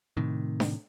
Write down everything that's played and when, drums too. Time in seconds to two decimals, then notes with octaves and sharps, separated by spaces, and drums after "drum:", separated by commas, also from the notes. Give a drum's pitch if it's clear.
0.17 A2 C3 D#3
0.60 drum: snare D4